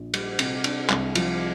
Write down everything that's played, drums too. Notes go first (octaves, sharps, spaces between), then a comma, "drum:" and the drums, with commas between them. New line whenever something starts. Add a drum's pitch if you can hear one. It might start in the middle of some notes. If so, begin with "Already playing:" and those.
Already playing: A#1
G3, drum: cymbal
C3, drum: cymbal
D4, drum: cymbal
C2, drum: clap
F3, drum: cymbal